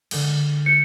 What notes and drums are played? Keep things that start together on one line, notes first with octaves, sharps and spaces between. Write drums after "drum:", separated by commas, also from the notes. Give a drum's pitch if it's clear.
D3 G#3, drum: cymbal
G6 C#7